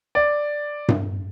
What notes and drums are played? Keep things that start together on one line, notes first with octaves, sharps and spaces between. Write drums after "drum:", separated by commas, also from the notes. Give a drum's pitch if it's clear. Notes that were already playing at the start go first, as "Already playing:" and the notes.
D5
drum: tom G2